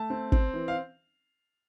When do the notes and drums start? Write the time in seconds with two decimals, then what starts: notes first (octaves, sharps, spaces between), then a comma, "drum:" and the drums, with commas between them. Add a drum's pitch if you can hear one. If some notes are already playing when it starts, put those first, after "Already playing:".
Already playing: A3 A5
0.10 C4
0.32 C4, drum: kick
0.53 E3
0.68 F5